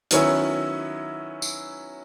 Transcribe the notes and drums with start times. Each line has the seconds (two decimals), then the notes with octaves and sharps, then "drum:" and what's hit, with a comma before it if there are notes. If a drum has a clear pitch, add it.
0.11 D#3 F#3 B3 C#4 E4, drum: hi-hat
1.42 drum: tambourine